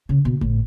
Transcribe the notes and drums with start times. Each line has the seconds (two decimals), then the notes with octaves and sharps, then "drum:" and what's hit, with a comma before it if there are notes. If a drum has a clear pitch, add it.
0.09 C#3
0.25 B2
0.41 A2, drum: kick G#1